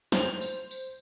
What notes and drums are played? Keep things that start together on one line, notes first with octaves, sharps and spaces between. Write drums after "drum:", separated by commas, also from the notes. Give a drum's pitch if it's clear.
C5 F7, drum: snare
drum: tambourine
drum: tambourine